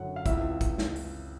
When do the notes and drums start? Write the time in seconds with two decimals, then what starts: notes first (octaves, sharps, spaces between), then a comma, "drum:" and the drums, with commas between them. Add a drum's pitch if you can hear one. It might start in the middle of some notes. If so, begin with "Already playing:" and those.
Already playing: F#1 F#2 D3 F#3 F#5
0.16 F5
0.26 C#2 C3 E3 E5, drum: kick, hi-hat
0.61 drum: kick, hi-hat
0.78 drum: snare
0.96 drum: open hi-hat